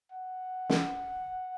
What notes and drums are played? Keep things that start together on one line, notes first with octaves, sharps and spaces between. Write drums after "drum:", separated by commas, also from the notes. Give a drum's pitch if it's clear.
F#5
drum: snare